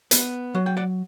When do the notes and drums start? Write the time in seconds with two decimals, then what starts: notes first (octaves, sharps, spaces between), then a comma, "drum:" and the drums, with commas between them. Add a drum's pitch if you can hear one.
0.11 B3, drum: hi-hat
0.55 F#3 F#5
0.66 G5
0.77 D5 F#5